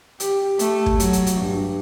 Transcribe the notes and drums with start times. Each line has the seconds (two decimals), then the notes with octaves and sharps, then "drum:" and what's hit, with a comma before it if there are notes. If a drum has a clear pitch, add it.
0.20 G4, drum: hi-hat
0.59 A3, drum: hi-hat
0.86 drum: kick
1.00 F#3, drum: hi-hat
1.13 drum: hi-hat
1.27 drum: hi-hat
1.38 G2